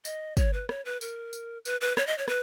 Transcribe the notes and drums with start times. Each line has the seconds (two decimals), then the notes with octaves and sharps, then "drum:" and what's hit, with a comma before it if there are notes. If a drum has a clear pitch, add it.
0.05 D#5, drum: tambourine
0.37 C#5, drum: kick, tambourine
0.53 B4
0.69 C#5, drum: rim click
0.85 B4
1.01 A#4, drum: tambourine
1.33 drum: tambourine
1.65 B4, drum: tambourine
1.81 B4
1.97 C#5, drum: rim click
2.07 D#5
2.18 C#5
2.28 B4, drum: rim click